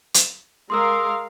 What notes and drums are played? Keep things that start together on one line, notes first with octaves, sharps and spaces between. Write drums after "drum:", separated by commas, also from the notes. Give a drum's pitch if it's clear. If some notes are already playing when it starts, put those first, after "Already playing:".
drum: hi-hat
G#3 A#4 F5 C6 D#6 E6